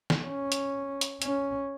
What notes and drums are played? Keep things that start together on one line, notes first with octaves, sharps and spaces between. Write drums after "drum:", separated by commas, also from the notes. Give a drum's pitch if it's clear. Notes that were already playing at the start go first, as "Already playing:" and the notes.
drum: snare
C#4
drum: hi-hat
drum: hi-hat
C#4, drum: hi-hat